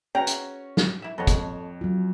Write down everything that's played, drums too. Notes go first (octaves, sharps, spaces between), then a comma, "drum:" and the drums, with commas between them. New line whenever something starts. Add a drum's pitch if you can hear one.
C#4 F#4 G#4 B4 G5 A#5
drum: hi-hat
drum: snare
E4 E5
F2 A4 C#5 D#5 F#5
drum: kick, hi-hat
F#3 F4